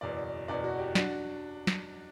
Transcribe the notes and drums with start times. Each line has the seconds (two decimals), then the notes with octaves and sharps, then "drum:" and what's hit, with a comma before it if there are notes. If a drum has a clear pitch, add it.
0.01 F#1 E2 B2 D5
0.48 F#1 E2 B2 D5
0.64 F#4
0.79 G4
0.95 D4 F#4, drum: snare
1.67 drum: snare